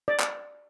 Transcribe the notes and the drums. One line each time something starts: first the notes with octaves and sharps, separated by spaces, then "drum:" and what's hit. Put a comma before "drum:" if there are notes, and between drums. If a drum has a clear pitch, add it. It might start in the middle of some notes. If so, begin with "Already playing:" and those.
D5
drum: clap